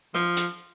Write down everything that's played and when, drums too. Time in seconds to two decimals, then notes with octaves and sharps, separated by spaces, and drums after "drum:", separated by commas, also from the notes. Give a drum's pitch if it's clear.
0.14 F3, drum: rim click
0.37 drum: hi-hat